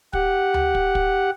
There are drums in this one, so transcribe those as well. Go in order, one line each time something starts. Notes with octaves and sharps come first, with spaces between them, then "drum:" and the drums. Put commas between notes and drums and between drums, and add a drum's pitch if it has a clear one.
G4 F#5, drum: kick
drum: tom D2
drum: kick
drum: kick